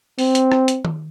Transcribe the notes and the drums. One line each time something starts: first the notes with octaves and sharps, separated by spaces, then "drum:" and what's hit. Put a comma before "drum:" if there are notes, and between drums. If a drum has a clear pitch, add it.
C4, drum: open hi-hat
drum: hi-hat
drum: rim click
drum: hi-hat
drum: tom D#3